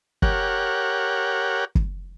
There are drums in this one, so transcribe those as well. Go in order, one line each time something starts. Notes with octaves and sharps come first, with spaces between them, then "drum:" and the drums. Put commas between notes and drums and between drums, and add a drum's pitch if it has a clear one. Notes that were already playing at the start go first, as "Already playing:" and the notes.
G4 A#4 C#5 F#5, drum: kick
drum: kick